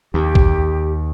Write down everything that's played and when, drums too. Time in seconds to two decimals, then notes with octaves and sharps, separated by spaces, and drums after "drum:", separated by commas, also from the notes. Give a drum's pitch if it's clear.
0.14 D#2 G4
0.35 drum: kick A#1